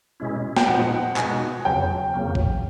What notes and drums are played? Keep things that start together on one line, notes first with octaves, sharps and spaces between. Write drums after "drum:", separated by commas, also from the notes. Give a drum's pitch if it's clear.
B2 G#3 C#4 E4
G5, drum: snare
A#2 F3 G#3 C4 D#4 F#5
B2 G#3 B3 D#4 F#4 G#5, drum: clap
F2 C#3 F#3 G5
F2 C#3 F#3 A#3
drum: kick A1